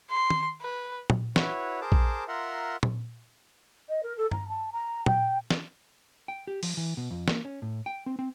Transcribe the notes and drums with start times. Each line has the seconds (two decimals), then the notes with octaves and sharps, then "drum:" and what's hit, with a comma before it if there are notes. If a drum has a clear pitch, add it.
0.11 C6
0.30 drum: tom
0.62 B4
1.10 drum: tom A#2
1.36 E4 F#4 B4 C#5, drum: snare
1.81 G#4 A#4 C5 A5 D6
1.92 drum: kick A#1
2.28 F4 A#4 E5 F#5 A#5 C6
2.83 drum: tom A#2
3.89 D#5
4.03 A#4
4.18 A4
4.31 A#5, drum: tom G2
4.49 A5
4.72 A#5
5.06 G5, drum: tom A#2
5.51 drum: snare
6.28 G5
6.47 G4
6.63 F3, drum: open hi-hat
6.77 E3
6.97 B2
7.11 F2
7.28 A#3, drum: snare
7.45 C#4
7.62 A2
7.86 G5
8.06 C4
8.19 C4